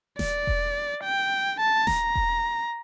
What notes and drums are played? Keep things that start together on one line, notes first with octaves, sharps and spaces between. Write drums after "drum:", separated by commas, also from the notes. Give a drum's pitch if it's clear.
D5, drum: snare D#1
drum: kick E1
G5
A5
A#5, drum: snare D#1
drum: kick E1